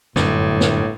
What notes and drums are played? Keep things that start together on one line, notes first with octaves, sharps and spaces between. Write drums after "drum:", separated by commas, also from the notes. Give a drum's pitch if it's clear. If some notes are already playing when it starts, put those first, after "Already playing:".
G1 F#2 A2 D3, drum: snare
drum: snare